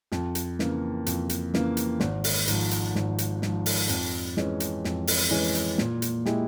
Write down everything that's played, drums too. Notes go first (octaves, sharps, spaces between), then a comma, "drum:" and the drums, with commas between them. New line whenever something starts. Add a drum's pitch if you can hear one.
F2, drum: snare
drum: hi-hat
C#3 E3 A#3, drum: snare
F2, drum: hi-hat
drum: hi-hat
C#3 E3 A#3, drum: snare
drum: hi-hat
G#1, drum: snare
drum: open hi-hat
G#2 F3, drum: hi-hat
drum: hi-hat
G#1, drum: snare
drum: hi-hat
G#2 F3, drum: snare
drum: open hi-hat
F2, drum: hi-hat
E3 G#3 C#4, drum: snare
drum: hi-hat
F2, drum: snare
drum: open hi-hat
E3 G#3 C#4
drum: hi-hat
A#2, drum: snare
drum: hi-hat
G#3 E4 G4, drum: snare